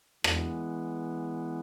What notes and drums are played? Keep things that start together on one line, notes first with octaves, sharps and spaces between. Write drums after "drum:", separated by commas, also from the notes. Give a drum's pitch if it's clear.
E3 G#3 B3, drum: rim click